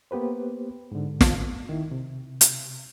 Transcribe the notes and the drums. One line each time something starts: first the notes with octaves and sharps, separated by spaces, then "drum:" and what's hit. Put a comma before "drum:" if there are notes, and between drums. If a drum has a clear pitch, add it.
A#3 B3 G4 B4 C5
G#2 D3
drum: snare
D#3 E4
C3
drum: hi-hat